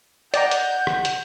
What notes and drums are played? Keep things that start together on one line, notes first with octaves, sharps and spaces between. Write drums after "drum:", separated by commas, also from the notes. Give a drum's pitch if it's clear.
D5 D#5 F#5 G5 A#5 G6, drum: hi-hat
drum: hi-hat
drum: rim click
drum: hi-hat